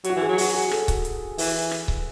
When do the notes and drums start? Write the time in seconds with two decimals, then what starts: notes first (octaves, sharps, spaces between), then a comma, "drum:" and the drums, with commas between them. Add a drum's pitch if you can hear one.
0.04 F#3, drum: hi-hat
0.10 F#4
0.16 E3
0.21 G#4
0.28 F#3
0.38 F#4, drum: open hi-hat
0.54 G#4
0.71 A4, drum: rim click
0.88 drum: kick C#1, hi-hat
1.05 drum: hi-hat
1.38 E3, drum: open hi-hat
1.71 drum: rim click
1.88 drum: kick C#1